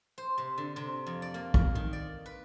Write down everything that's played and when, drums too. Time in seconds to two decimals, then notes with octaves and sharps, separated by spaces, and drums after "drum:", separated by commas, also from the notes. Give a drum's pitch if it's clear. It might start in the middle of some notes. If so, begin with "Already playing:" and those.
0.18 C5
0.38 C3
0.58 D3
0.76 C3
1.07 F2
1.22 D5
1.34 A#3
1.54 A#4, drum: kick
1.75 D#3
1.93 D5
2.26 B4